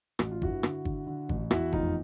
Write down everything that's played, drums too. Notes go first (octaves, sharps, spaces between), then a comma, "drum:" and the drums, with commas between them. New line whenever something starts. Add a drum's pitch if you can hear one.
A1 F#4, drum: rim click
F4
G2 E4 F#4, drum: kick
D3, drum: rim click
D3, drum: kick
D3
A1, drum: kick
E2 E4 F#4, drum: rim click
F1 D#4 F4, drum: kick